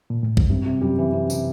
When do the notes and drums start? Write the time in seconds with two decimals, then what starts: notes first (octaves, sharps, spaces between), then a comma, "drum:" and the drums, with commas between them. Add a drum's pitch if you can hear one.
0.10 A#2
0.23 A2
0.37 G#2, drum: kick A#1
0.50 G2 C3
0.66 C3
0.82 F#2 G3
0.98 E3
1.13 C3
1.30 C3, drum: tambourine